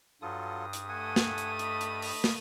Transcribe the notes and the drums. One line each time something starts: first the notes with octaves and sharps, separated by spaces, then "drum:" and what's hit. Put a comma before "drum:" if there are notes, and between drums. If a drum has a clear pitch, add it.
G2 F#3 F4 A4 D#6
drum: hi-hat
A3 F#5 G#5 D#7
drum: snare
drum: hi-hat
D#5 B5, drum: hi-hat
drum: hi-hat
drum: open hi-hat
drum: snare